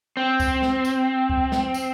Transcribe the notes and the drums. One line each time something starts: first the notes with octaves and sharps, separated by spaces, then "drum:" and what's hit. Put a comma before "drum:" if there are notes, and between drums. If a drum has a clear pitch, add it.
C4
drum: kick C#2, tambourine
drum: snare
drum: tambourine
drum: kick C#2
drum: snare
drum: tambourine